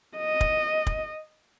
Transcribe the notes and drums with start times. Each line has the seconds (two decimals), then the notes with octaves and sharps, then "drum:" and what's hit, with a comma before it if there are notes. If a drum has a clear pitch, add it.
0.18 D#5
0.41 drum: kick
0.86 drum: kick